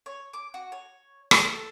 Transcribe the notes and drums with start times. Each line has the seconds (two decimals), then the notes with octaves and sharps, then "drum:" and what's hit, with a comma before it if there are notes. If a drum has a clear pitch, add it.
0.06 C#5
0.33 D6
0.54 F#4
0.72 C#5
1.31 drum: rim click
1.44 A4